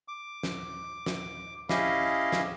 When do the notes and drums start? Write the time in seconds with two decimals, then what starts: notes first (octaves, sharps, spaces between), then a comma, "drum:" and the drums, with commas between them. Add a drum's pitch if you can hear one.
0.08 D6
0.43 drum: snare
1.06 drum: snare
1.69 C#4 E4 G4 G#4 D#5 F5, drum: snare
2.32 drum: snare